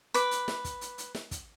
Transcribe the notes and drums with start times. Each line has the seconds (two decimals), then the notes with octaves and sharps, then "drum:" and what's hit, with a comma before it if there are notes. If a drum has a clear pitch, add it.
0.14 B4 D6, drum: hi-hat
0.31 drum: hi-hat
0.48 drum: snare
0.64 drum: kick, hi-hat
0.81 drum: hi-hat
0.98 drum: hi-hat
1.15 drum: snare
1.31 drum: kick, hi-hat